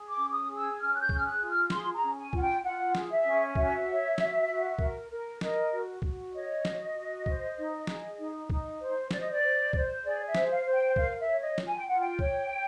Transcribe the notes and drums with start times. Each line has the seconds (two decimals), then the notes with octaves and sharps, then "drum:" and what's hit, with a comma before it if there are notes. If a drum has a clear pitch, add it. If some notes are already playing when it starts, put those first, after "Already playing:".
Already playing: G#4
0.09 D6
0.16 C#4
0.32 D#6
0.47 G#4
0.55 E6
0.78 C#4 F6
0.95 F#6
1.01 G6
1.09 G#4, drum: kick C2
1.16 F6
1.25 F#6
1.40 F4
1.48 F6
1.70 G#4 C6, drum: snare
1.94 A#5
2.01 C#4
2.17 G#5
2.33 F4 F#5, drum: kick C2
2.40 G5
2.63 F4 F#5
2.95 G#4, drum: snare
3.10 E5
3.25 C#4
3.55 F#4 E5, drum: kick C2
3.87 C#5
4.18 F#4, drum: snare
4.48 F#4
4.79 A#4, drum: kick C2
5.10 A#4
5.41 A#4 D#5, drum: snare
5.72 F#4
6.02 F#4, drum: kick C2
6.33 C#5 D#5
6.65 F#4, drum: snare
6.95 F#4
7.26 C5, drum: kick C2
7.57 D#4
7.87 G#4, drum: snare
8.18 D#4
8.50 D#4, drum: kick C2
8.81 C5
9.11 C5 D5, drum: snare
9.21 D#5
9.30 D5
9.42 C5
9.73 C5, drum: kick C2
10.04 G#4 D5
10.27 E5
10.35 C5, drum: snare
10.50 F5
10.65 C5
10.73 G5
10.96 A#4 F5, drum: kick C2
11.19 E5
11.27 C#5
11.42 D#5
11.58 F4, drum: snare
11.66 G#5
11.76 G5
11.87 F4 F#5
11.99 G5
12.19 C#5, drum: kick C2
12.50 C#5